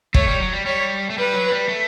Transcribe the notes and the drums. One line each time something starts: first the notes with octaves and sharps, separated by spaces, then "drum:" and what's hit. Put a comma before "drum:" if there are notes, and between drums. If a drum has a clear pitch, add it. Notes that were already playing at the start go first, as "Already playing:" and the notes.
A3 C#5, drum: kick
G3
F#3
G3
G3 C#5
A3
G3 B4
F#3
G3
A3